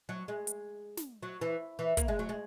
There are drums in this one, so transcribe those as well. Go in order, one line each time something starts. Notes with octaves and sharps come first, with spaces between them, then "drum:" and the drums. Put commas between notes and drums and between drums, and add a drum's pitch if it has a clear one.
F#3
G#3
drum: hi-hat
drum: snare
F#3
E3
E3
A#3, drum: kick, hi-hat
G#3
F#3
G#3